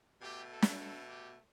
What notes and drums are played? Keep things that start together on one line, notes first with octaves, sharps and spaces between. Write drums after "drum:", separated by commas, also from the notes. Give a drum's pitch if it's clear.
B2 A3 G4
A4
drum: snare
A4
G4